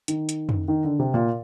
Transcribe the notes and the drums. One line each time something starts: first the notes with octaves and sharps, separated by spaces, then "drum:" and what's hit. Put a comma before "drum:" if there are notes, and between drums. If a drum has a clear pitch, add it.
D#3, drum: hi-hat
drum: hi-hat
drum: tom
D#3
D3
C3
A#2